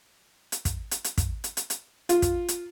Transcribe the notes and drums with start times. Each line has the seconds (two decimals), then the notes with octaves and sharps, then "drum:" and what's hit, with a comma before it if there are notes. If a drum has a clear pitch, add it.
0.52 drum: hi-hat
0.65 drum: kick, hi-hat
0.91 drum: hi-hat
1.04 drum: hi-hat
1.18 drum: kick, hi-hat
1.44 drum: hi-hat
1.57 drum: hi-hat
1.70 drum: hi-hat
2.09 F4, drum: hi-hat
2.22 drum: kick, hi-hat
2.48 drum: hi-hat